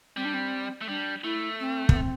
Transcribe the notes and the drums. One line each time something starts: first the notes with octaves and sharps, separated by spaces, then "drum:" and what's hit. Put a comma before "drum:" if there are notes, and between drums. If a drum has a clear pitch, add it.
G3 C4
D4
C4
A3
G3 D4
A3 E4
C4
B3, drum: kick
C4